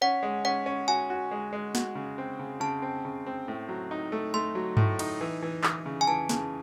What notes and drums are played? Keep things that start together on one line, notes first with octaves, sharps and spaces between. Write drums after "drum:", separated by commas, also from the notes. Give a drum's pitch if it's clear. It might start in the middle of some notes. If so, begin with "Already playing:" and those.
C#4 F#5
G#3
C#4 F#5
C#4
F#4 G#5
F#4
G#3
G#3
F#4, drum: snare
C#3
C4
C#3
C#3 A5
C4
C#3
C4
A2
F#3
D#4
A3
A3 C6
F#3
A2, drum: tom G2
D#4, drum: cymbal
E3
E3
E3, drum: clap
C#3
G#5
E3 A5
C#3, drum: snare